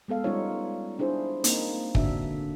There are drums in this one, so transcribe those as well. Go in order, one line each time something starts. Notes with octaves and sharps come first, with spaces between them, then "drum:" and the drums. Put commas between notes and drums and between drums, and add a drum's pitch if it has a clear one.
G#3 B3 A4 F5
G3 C#4 D#4 F4 B4 C#5
D4 E4 G#4 C5
A#3 C4 D#4, drum: hi-hat
D3 D4 F#4 E5, drum: kick